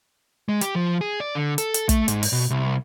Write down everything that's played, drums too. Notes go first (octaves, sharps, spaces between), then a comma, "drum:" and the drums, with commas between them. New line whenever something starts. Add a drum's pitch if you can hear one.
G#3
G4, drum: hi-hat
F3
G#4
D5
D3
A4, drum: hi-hat
drum: hi-hat
A3, drum: kick, hi-hat
G#2, drum: hi-hat
drum: open hi-hat
B2
C2